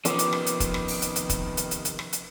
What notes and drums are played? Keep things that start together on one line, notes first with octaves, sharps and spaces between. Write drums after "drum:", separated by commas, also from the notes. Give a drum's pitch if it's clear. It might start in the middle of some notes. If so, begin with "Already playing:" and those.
C3 D#3 F3 B3 C#4 D6 E6, drum: hi-hat
drum: hi-hat
drum: rim click
drum: hi-hat
drum: kick, hi-hat
drum: rim click
drum: open hi-hat
drum: hi-hat
drum: hi-hat
drum: kick, hi-hat
drum: hi-hat
drum: hi-hat
drum: hi-hat
drum: rim click
drum: hi-hat